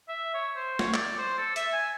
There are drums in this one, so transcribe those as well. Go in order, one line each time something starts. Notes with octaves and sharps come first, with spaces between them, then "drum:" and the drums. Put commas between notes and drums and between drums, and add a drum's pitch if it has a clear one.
E5
C#5
C5
C#5, drum: snare
D5, drum: clap
C5
A4
E5, drum: hi-hat
G#5